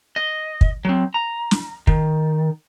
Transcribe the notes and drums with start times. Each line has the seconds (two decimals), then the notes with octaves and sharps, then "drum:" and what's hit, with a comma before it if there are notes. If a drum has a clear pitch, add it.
0.16 D#5
0.61 drum: kick
0.85 F#3 C4
1.14 A#5
1.51 drum: snare
1.87 D#3, drum: kick